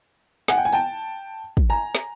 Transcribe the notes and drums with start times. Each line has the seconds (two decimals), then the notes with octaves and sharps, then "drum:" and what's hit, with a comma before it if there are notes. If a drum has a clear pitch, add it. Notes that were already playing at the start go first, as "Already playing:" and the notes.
0.48 F#5 G#5, drum: snare
0.58 G5
0.65 G#5
0.73 G5 A5, drum: tambourine
1.57 drum: kick
1.70 G#5 A#5
1.95 drum: snare